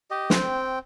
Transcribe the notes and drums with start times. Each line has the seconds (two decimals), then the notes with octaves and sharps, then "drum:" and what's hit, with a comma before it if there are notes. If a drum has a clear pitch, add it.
0.11 G4 D#5
0.30 C4 G5, drum: snare